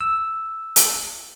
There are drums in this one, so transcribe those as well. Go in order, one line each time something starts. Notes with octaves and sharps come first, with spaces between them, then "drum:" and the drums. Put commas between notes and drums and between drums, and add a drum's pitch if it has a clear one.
E6
drum: hi-hat